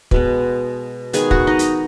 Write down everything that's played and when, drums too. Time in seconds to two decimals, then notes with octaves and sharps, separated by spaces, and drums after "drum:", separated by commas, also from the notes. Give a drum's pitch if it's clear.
0.11 B2 G#3 B3, drum: kick
1.13 D#3 G#3 B3 G#4 G#5, drum: hi-hat
1.31 F#4 F#5, drum: kick
1.47 D#4 D#5
1.59 drum: hi-hat